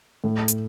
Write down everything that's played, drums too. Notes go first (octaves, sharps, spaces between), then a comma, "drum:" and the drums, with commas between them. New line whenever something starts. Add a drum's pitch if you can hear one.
A2
drum: hi-hat